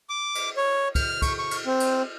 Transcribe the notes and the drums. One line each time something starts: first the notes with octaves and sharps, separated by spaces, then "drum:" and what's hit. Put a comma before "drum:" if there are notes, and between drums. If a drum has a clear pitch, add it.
D6
drum: cymbal
C#5
F6, drum: kick, cymbal
C#6, drum: kick, cymbal
C#6
drum: cymbal
C4
drum: cymbal